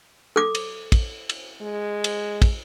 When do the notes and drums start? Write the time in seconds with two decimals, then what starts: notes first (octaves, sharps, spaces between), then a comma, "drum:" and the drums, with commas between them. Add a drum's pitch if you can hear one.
0.36 A4 D6
0.55 drum: cymbal
0.92 drum: kick, cymbal
1.29 drum: cymbal
1.61 G#3
2.04 drum: cymbal
2.42 drum: kick, cymbal